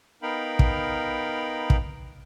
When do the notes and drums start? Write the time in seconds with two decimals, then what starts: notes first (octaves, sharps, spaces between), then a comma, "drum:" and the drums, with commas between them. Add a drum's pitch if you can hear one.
0.22 B3 D#4 A#4 F5 G5 B5
0.59 drum: kick
1.70 drum: kick